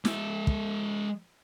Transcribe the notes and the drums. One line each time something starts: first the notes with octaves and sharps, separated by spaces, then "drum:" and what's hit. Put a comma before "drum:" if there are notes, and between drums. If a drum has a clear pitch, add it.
G#3 E5, drum: snare
drum: kick